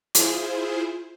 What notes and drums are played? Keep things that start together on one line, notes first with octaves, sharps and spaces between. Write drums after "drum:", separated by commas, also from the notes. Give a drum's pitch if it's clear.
E4 F4 G#4 C5, drum: hi-hat